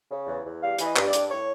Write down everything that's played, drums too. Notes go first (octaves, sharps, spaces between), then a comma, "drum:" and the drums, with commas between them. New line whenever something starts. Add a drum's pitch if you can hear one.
C#3
E2
E2
G3 F5
E3, drum: hi-hat
D#5
G2, drum: clap
D5
G2, drum: hi-hat
A2 C#5